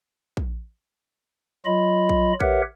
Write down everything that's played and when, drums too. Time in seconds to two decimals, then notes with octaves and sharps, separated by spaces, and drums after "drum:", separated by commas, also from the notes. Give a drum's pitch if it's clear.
0.37 drum: kick A#1
1.66 F#3 F4 D#5 B5
2.09 drum: kick A#1
2.40 G4 A#4 B4 C#5 E5 F#5, drum: kick A#1